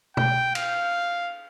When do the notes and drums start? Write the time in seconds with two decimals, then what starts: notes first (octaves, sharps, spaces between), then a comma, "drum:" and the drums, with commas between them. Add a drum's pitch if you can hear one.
0.17 G5, drum: tom
0.55 F5, drum: cymbal